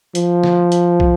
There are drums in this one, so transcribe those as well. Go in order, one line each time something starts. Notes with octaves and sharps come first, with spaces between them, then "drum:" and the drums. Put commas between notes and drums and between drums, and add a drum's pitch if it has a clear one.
F3, drum: hi-hat
drum: snare
drum: hi-hat
drum: kick